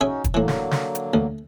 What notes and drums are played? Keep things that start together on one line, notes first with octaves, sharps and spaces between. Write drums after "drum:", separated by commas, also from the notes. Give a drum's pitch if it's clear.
C#3 C#4 D#4 F#4 E5 G#5
drum: kick, hi-hat
A2 D3 E3 F#3 A#3
drum: snare
drum: snare
drum: hi-hat
D2